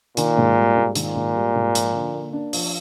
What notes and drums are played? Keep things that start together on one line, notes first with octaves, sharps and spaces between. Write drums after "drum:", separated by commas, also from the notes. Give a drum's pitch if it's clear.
A#2 D#3, drum: hi-hat
G#2
G3
G#2
A#2 D#3, drum: hi-hat
G#2
G3
G#2
F3, drum: hi-hat
D3
A#3
D4
F3, drum: open hi-hat